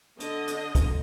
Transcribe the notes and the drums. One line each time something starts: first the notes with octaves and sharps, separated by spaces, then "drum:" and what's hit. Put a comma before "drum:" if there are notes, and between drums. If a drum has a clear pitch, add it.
D3 D#5, drum: hi-hat
drum: hi-hat
drum: kick, hi-hat